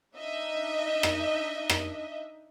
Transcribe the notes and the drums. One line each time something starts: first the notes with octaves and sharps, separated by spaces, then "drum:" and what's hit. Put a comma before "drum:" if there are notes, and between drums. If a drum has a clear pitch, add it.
D4 D#4 D#5 E5
drum: rim click
drum: rim click